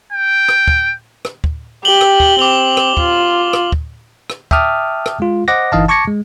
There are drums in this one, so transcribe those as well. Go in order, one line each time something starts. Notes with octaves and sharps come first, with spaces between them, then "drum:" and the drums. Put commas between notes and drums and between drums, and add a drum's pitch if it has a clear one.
G5
drum: rim click
drum: kick
drum: rim click
drum: kick
G4 F#7 G7
drum: rim click
drum: kick
C4 D6 F7 G7
drum: rim click
F4, drum: kick
drum: rim click
drum: kick
drum: rim click
E5 G5 A5 D6 D#6 F6, drum: kick
drum: rim click
G#3 F4
C5 D#5 F#5 D6 A#6
G1 E3 D#4 D#5 F5 A5
A5 C#6 D6 G#6 A#6 C#7
G#3